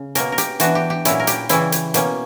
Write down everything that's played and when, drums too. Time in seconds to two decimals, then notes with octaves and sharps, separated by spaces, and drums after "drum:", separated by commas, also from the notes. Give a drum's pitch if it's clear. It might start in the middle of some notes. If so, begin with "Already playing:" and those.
Already playing: C#3
0.15 B2 A#3 C#4 A#4, drum: hi-hat
0.32 A#4
0.38 G4, drum: hi-hat
0.60 E3 B3 D4 F#4, drum: hi-hat
0.75 G4
0.90 G4
1.05 A#2 F#3 C#4 E4, drum: hi-hat
1.20 A#4
1.27 G4, drum: hi-hat
1.49 C#3 E3 G3 C#4 E4, drum: hi-hat
1.72 drum: hi-hat
1.94 B2 A#3 C#4, drum: hi-hat